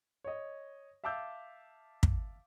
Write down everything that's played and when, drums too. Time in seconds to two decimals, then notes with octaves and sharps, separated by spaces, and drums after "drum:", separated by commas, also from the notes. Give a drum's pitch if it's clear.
0.24 C#5 D#5
1.04 E5 F5 A5 D6 E6 G6
2.03 drum: kick